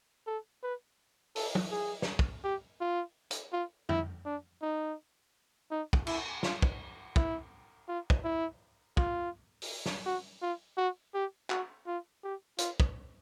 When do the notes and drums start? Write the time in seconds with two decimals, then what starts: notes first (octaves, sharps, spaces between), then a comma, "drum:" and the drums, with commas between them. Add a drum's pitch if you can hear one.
0.27 A4
0.63 B4
1.36 A4, drum: open hi-hat
1.55 drum: tom
1.71 G#4
2.02 drum: snare
2.19 drum: kick
2.44 G4
2.80 F4
3.31 drum: hi-hat
3.52 F4
3.89 E4, drum: tom
4.25 D4
4.62 D#4
5.71 D#4
5.93 drum: kick
6.07 E4, drum: cymbal
6.43 F4, drum: snare
6.62 drum: kick
7.16 E4, drum: kick
7.88 F4
8.10 drum: kick
8.24 E4
8.97 F4, drum: kick
9.62 drum: open hi-hat
9.86 drum: snare
10.06 F#4
10.42 F4
10.77 F#4
11.14 G4
11.50 F#4, drum: clap
11.87 F4
12.23 G4
12.58 F4, drum: hi-hat
12.80 drum: kick